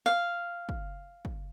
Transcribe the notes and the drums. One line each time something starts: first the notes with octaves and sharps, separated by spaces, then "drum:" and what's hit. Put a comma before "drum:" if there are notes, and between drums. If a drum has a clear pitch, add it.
F5
drum: kick
drum: kick